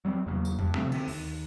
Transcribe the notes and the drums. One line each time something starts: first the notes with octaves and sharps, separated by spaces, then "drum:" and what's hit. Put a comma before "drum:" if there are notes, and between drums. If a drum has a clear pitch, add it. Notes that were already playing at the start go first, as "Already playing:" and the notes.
F#3 G3 C4
E2 C#3 F#3 A#3
drum: tambourine
G2, drum: tom F2
C3 F3 A3 C4
D3 C4, drum: cymbal
D#2, drum: open hi-hat